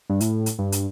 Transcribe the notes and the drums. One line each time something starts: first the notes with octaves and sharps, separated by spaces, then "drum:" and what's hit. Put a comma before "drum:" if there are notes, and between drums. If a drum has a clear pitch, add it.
G2
A2, drum: hi-hat
drum: hi-hat
G2
drum: hi-hat